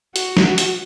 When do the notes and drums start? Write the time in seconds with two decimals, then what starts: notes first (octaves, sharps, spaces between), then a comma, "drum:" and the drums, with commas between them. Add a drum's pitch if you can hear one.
0.16 F#4, drum: hi-hat
0.37 drum: snare
0.58 drum: hi-hat